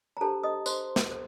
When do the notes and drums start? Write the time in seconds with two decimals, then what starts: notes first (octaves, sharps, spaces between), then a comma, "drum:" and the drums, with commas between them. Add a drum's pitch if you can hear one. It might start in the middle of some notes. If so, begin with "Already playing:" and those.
0.17 A#5
0.21 D4 G4 A4 C5 A5
0.43 D#5 D#6
0.66 C5 C6, drum: tambourine
0.96 drum: snare
1.11 A4 C5